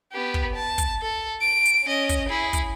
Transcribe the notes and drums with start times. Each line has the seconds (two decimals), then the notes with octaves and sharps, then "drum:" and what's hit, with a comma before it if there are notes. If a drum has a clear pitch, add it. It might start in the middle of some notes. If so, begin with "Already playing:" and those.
0.12 B3 G4
0.34 drum: kick
0.55 A5
0.78 drum: kick, hi-hat
1.02 A4
1.41 D7
1.65 drum: hi-hat
1.84 C#4 D#5
2.09 drum: kick, hi-hat
2.28 E4 G#4
2.53 drum: kick, hi-hat